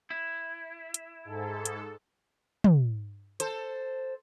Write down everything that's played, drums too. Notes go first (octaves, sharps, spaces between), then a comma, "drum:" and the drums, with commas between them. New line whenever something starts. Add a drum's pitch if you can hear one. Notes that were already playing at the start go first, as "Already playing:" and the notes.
E4
drum: hi-hat
G#2 A4
drum: hi-hat
drum: tom
A4 C5, drum: hi-hat